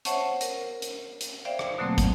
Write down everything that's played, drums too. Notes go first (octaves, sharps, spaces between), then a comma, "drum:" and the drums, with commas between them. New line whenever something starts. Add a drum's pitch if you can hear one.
C5 C#5 E5 F#5 A5 C#6, drum: hi-hat
A#4, drum: hi-hat
drum: hi-hat
drum: hi-hat
C5 D5 E5 F5 G5
drum: rim click
B2 D3 F#3 A3 A#3 C4
drum: kick, hi-hat